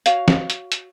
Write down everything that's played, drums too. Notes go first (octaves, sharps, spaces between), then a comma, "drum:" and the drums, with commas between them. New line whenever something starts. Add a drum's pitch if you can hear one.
F#4 C#5 F5, drum: hi-hat
drum: snare
drum: hi-hat
drum: hi-hat